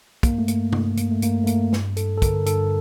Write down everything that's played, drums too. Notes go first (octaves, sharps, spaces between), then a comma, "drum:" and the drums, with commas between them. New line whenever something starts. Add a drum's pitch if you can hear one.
G2 A#3, drum: kick, hi-hat
A3
G2 A#3, drum: hi-hat
G2, drum: tom
G2 A#3, drum: hi-hat
A3
G2 A#3, drum: hi-hat
A3
G2 A#3, drum: hi-hat
G2, drum: snare
G2 A4, drum: hi-hat
A4
D3 A#4, drum: kick, hi-hat
G2 A4, drum: hi-hat